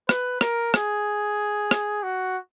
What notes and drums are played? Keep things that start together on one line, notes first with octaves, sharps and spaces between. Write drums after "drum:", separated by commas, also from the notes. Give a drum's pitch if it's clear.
B4, drum: rim click
A#4, drum: rim click
G#4, drum: rim click
drum: rim click
F#4